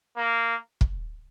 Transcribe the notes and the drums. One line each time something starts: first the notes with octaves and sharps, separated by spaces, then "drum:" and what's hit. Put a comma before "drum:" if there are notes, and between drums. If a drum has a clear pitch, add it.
A#3
drum: kick